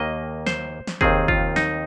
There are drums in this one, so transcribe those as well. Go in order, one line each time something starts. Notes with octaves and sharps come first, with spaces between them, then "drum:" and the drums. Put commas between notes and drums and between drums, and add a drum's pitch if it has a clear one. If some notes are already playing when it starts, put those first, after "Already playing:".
Already playing: D#2 D#3 A#3 D#5
C5, drum: snare
drum: snare
D#2 D#3 C4 G#4, drum: kick
F4, drum: kick
D#4, drum: snare